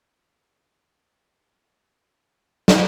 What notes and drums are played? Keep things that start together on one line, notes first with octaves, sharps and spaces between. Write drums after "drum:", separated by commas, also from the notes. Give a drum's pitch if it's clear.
B4
F#3
E4
A3
D2
G2
C#3
A#4
drum: snare